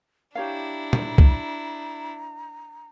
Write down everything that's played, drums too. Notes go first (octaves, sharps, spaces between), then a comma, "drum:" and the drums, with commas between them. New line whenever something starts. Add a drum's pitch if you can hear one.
D4 E4 G4 C#5 F5 A#5
drum: tom
drum: kick C2